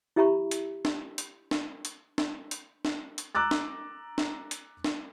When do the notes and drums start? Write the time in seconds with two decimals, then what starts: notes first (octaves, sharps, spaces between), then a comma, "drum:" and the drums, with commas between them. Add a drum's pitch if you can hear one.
0.16 E4 G4 E5 A#5 B5 C#6
0.51 drum: hi-hat
0.85 drum: snare
1.18 drum: hi-hat
1.51 drum: snare
1.85 drum: hi-hat
2.18 drum: snare
2.51 drum: hi-hat
2.85 drum: snare
3.18 drum: hi-hat
3.35 A#5 D6 E6 F#6 A6
3.51 drum: snare
4.18 drum: snare
4.51 drum: hi-hat
4.84 drum: snare